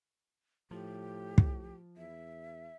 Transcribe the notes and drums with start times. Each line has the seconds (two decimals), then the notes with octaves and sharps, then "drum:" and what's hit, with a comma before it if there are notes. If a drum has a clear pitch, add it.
0.71 A2 F3 G4
1.38 drum: kick
1.97 E2 E5